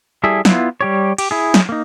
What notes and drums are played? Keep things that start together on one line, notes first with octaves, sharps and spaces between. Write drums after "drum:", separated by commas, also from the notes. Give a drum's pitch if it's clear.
G3 E4 G#4 A4 E5
B3 E4 F4, drum: snare
G3 G4 C#5
G4, drum: cymbal
E4 G#4
drum: snare
A#3 D#4